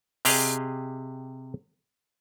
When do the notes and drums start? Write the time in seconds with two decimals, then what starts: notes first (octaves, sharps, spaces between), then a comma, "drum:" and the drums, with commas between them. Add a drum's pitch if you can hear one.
0.25 C3 G4 G#4 D#5 F5, drum: open hi-hat